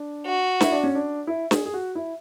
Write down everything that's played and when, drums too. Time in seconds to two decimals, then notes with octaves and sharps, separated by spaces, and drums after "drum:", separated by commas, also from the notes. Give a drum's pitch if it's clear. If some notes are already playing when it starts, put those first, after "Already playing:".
Already playing: D4
0.26 F#4
0.60 E4, drum: snare
0.72 D4
0.84 C#4
0.95 D4
1.27 E4
1.51 G#4, drum: snare
1.66 G#4
1.74 F#4
1.95 E4